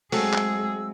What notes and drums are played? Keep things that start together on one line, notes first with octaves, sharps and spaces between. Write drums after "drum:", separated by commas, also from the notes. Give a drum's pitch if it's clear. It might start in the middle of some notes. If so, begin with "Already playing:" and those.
F#3 G#3 A3 C4 G#4 E6, drum: open hi-hat
drum: clap